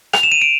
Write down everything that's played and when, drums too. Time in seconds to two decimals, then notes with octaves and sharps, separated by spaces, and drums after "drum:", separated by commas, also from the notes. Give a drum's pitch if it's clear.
0.13 F7, drum: rim click
0.23 E7
0.32 D#7
0.42 D7